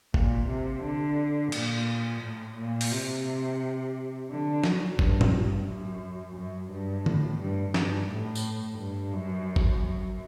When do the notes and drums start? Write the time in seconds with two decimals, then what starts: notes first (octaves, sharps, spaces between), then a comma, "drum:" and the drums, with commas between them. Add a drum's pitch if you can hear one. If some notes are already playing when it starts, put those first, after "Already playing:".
0.14 A#2, drum: kick G1
0.48 C3
0.84 D3
1.52 A#2, drum: cymbal
2.21 A2
2.57 A#2
2.81 drum: open hi-hat
2.91 C3
4.30 D3
4.64 F#3, drum: snare
4.99 G2, drum: kick G1
5.21 drum: tom
5.32 G2
5.68 F#2
6.36 F#2
6.72 G2
7.06 A2, drum: tom D3
7.41 G2
7.74 G2, drum: snare
8.10 A2
8.35 drum: tambourine
8.79 G2
9.13 F#2
9.56 drum: kick G1
9.83 F#2